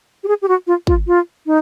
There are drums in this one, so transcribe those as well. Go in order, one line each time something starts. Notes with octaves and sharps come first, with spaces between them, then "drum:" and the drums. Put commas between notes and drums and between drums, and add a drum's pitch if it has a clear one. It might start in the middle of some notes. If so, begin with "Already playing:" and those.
G4
G#4
G4
F#4
F4
F4, drum: kick
F4
D#4